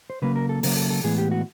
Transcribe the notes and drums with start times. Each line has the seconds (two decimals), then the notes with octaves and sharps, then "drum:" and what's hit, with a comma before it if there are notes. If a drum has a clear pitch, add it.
0.10 C5
0.22 C#3 F#3 A#3 B4
0.36 A#4
0.49 A4
0.63 C#3 F#3 A#3 A#4, drum: open hi-hat
0.77 A4
0.90 A4
1.04 A2 E3 G#3 B3 G#4
1.18 G4
1.31 F#4